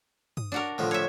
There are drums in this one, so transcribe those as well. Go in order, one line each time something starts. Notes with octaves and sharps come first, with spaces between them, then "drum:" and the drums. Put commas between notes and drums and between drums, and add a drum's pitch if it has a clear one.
D#6, drum: tom G2
D4 F#4 A#4
A2 D3 F3
C#5 E5